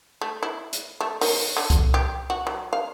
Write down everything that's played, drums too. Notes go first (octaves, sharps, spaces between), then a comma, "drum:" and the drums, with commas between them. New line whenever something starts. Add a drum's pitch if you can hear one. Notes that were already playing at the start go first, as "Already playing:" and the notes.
A3
E4
drum: hi-hat
A3
D#3, drum: open hi-hat
D3
drum: kick C2, hi-hat
G4
F#4
F#3
F5